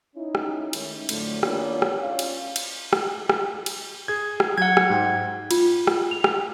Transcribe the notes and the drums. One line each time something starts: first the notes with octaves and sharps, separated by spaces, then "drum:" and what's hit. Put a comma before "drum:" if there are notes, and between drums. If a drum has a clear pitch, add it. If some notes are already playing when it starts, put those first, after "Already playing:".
C#4 D#4 E4
drum: rim click
D#3 G#3 A3 C#4 E4, drum: cymbal
F2 A2 D3 F#3 A3, drum: cymbal
D#3 A#3 B3 D4 F4 C#5, drum: rim click
drum: rim click
C#4 E4 F4 D5 F5
drum: cymbal
drum: cymbal
drum: rim click
drum: rim click
drum: cymbal
G#4 G#6
drum: rim click
F#3 F#5 G#6
drum: rim click
G#2 G5
F4, drum: cymbal
drum: rim click
F7
drum: rim click